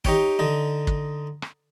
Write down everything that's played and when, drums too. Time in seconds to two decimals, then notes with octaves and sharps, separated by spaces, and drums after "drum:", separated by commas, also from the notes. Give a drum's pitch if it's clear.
0.05 D#4 G4 C#5 G5, drum: kick
0.39 D3 D#4
0.87 drum: kick
1.42 drum: rim click